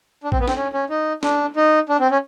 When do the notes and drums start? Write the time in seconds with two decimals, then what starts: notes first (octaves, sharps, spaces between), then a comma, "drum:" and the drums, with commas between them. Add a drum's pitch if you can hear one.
0.24 D4
0.32 C4, drum: kick A#1
0.40 B3
0.48 C4, drum: snare
0.56 C#4
0.73 C#4
0.90 D#4
1.23 D4, drum: snare
1.56 D#4
1.89 D4
2.00 C4
2.11 C#4